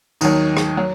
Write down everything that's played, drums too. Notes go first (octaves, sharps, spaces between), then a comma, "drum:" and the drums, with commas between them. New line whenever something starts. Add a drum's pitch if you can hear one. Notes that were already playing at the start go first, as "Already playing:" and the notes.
D#2 D#3 F#3 D#4, drum: cymbal
drum: rim click
F#3